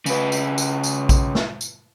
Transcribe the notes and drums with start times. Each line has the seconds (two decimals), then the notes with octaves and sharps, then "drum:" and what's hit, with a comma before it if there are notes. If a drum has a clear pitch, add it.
0.06 C#3 B4, drum: tambourine
0.32 drum: tambourine
0.58 drum: tambourine
0.83 drum: tambourine
1.09 drum: kick A#1, tambourine
1.35 drum: snare
1.61 drum: tambourine